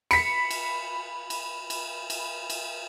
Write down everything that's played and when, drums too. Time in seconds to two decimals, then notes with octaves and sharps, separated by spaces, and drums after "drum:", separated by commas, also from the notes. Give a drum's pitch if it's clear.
0.11 B5 B6 C#7, drum: cymbal
0.51 drum: cymbal
1.30 drum: cymbal
1.70 drum: cymbal
2.10 drum: cymbal
2.50 drum: cymbal